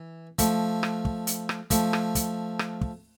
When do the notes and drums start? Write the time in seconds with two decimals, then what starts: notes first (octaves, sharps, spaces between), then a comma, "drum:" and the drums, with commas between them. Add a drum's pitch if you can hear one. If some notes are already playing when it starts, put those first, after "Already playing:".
Already playing: E3
0.39 F3 A3, drum: kick, hi-hat
0.83 drum: rim click
1.05 drum: kick
1.27 drum: hi-hat
1.49 drum: rim click
1.70 F3 A3, drum: kick, hi-hat
1.93 drum: rim click
2.15 drum: kick, hi-hat
2.59 drum: rim click
2.81 drum: kick